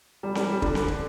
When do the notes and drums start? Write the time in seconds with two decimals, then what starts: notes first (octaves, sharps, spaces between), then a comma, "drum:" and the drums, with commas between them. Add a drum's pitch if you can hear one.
0.23 G3
0.35 G3, drum: snare C4
0.49 G3
0.62 D3, drum: kick
0.75 drum: snare C4
0.88 drum: kick